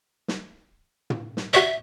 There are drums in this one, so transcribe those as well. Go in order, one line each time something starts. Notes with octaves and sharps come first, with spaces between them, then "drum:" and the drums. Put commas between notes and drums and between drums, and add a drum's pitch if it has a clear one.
drum: snare
drum: tom
drum: snare
F#4 C#5 D5 E5